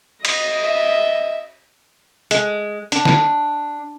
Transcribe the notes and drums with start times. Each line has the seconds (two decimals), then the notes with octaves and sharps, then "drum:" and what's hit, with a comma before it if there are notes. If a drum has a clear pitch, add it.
0.25 D#5, drum: cymbal
0.62 E5
2.31 G#3, drum: hi-hat
2.92 D4, drum: hi-hat
3.05 drum: snare